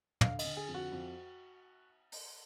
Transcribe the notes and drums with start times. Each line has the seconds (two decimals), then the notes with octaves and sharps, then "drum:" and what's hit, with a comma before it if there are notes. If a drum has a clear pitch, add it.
0.21 D3 F5, drum: tom
0.39 D#5, drum: cymbal
0.45 D3
0.57 G#4
0.68 F2
0.74 F#4
0.92 F2
2.12 drum: open hi-hat